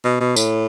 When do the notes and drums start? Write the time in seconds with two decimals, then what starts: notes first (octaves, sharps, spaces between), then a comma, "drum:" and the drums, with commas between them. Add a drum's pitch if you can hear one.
0.04 B2
0.20 B2
0.36 A2, drum: tambourine